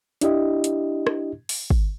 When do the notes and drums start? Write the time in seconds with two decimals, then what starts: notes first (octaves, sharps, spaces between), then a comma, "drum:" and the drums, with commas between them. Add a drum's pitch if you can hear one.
0.21 D4 E4 G4 D#5, drum: hi-hat
0.64 drum: hi-hat
1.07 drum: rim click
1.49 drum: open hi-hat
1.70 drum: kick